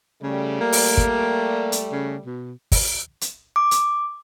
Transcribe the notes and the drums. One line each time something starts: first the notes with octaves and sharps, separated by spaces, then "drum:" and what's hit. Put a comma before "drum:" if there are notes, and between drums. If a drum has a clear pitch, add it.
C#3 G3 A3
A#3
drum: open hi-hat
drum: kick
drum: hi-hat
C#3
B2
drum: kick, open hi-hat
drum: hi-hat
D6
drum: hi-hat